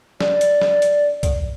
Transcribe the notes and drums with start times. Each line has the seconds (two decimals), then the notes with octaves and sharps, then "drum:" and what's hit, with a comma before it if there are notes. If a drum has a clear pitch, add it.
0.21 D5, drum: snare
0.41 drum: hi-hat
0.62 drum: snare
0.82 drum: hi-hat
1.23 drum: kick C2, hi-hat